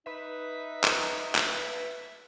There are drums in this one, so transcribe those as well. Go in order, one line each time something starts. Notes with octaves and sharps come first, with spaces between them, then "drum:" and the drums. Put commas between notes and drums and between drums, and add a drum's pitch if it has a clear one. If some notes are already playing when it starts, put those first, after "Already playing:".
D#4 B4 E5
drum: clap
drum: clap